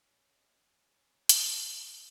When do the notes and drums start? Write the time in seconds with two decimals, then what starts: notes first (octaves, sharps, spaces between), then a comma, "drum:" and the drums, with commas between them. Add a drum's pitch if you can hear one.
0.04 C#4
0.35 G#3
0.67 C#4
0.98 C#4
1.29 C#4, drum: hi-hat
1.61 G#3
1.93 C#4